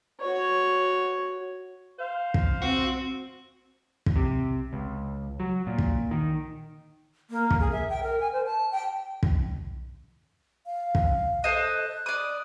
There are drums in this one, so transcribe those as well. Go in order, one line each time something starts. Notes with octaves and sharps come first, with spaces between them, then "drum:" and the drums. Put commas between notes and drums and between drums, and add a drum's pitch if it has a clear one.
F#4 C#5
C5 F5
drum: kick
C4 F#4
drum: kick
C3
C#2
F#3
A#2
drum: kick
D#3
A#3
drum: kick
G#4
E5
G5
A#4
G#5
C5
A5
G5
drum: kick
F5
drum: kick
A4 C5 D#5 F#6
D5 D#6